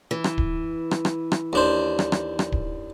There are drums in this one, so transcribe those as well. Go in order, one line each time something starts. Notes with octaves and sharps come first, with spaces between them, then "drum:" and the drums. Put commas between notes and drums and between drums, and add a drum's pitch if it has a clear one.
E3
drum: rim click
drum: kick D1
drum: rim click
drum: rim click
drum: rim click
D#2 D4 C5
drum: rim click
drum: rim click
drum: rim click
drum: kick D1